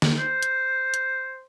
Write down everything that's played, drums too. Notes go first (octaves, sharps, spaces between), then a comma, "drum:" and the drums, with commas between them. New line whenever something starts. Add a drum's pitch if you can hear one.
drum: snare
C5
drum: hi-hat
drum: hi-hat